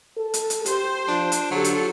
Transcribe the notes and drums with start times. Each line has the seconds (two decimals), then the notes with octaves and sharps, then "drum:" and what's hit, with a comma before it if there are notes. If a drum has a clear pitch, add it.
0.17 A4
0.34 drum: hi-hat
0.50 drum: hi-hat
0.66 G4 C5, drum: hi-hat
1.08 F3 D4
1.32 drum: hi-hat
1.51 D3 F#3 F4 G4 A4
1.64 drum: hi-hat